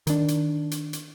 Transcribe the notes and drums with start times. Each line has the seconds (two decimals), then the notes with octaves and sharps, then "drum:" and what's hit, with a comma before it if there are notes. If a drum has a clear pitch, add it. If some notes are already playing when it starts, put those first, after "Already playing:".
0.07 D#3 D4, drum: hi-hat
0.28 drum: hi-hat
0.71 drum: hi-hat
0.93 drum: hi-hat